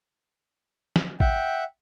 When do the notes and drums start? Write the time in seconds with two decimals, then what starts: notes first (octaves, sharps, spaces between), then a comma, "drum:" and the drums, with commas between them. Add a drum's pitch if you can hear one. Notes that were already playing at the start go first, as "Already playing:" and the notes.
0.96 drum: snare
1.20 E5 F#5 G5, drum: kick